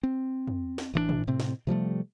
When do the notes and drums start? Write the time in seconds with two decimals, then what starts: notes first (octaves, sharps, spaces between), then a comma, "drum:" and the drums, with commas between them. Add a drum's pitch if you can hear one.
0.03 C4
0.47 drum: tom
0.78 drum: snare
0.94 A1 E3 A3 D4
1.09 drum: tom
1.27 A2 C3 C4
1.40 drum: snare
1.67 C3 F3 G3 A3